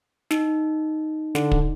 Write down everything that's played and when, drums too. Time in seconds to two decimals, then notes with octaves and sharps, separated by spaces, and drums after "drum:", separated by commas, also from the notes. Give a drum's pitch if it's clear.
0.31 D#4, drum: snare
1.35 D3, drum: snare
1.51 drum: kick